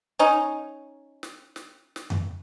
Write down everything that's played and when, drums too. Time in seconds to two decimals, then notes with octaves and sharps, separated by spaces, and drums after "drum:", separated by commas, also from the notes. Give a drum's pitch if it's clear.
0.19 C#4 D#4
1.23 drum: snare
1.56 drum: snare
1.96 drum: snare
2.10 drum: tom F2